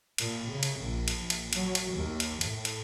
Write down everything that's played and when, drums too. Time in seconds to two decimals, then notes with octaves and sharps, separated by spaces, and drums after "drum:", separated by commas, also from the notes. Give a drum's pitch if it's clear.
0.18 A#2, drum: cymbal
0.48 C#3
0.63 drum: cymbal
0.79 A#1
1.08 drum: cymbal
1.19 A#1
1.30 drum: cymbal
1.53 F#3, drum: cymbal
1.75 drum: cymbal
1.94 D#2
2.20 drum: cymbal
2.41 A2, drum: cymbal
2.65 drum: cymbal